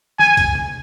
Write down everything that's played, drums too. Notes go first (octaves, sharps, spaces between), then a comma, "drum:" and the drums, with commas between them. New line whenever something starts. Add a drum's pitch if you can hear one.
G#5, drum: tom D#3
drum: kick, hi-hat
drum: tom B2